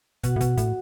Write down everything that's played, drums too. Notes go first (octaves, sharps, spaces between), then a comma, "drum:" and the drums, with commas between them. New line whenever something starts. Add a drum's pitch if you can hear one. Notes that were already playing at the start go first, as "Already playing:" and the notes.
B2 F#4 F#5, drum: kick, hi-hat
A2
B2, drum: kick, hi-hat
A2, drum: kick, hi-hat